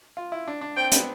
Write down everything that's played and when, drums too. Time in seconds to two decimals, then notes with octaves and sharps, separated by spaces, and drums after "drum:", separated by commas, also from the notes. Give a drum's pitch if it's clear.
0.17 F4
0.32 E4
0.47 D4
0.61 D4
0.77 C4 G5
0.92 B3, drum: hi-hat